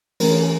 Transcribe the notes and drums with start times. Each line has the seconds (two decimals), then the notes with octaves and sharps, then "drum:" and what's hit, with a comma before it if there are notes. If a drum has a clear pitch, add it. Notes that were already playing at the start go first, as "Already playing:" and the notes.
0.20 E3 A3 C#4 A#4, drum: open hi-hat